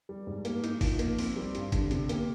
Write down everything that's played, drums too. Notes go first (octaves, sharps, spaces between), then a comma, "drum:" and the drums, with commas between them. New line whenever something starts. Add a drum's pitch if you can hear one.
G3
G#2
A#3, drum: hi-hat
D#4, drum: hi-hat
F3, drum: kick G1, open hi-hat
A#3, drum: hi-hat
C4, drum: open hi-hat
G3
G2, drum: hi-hat
D3, drum: kick G1, hi-hat
C3, drum: hi-hat
A#3, drum: hi-hat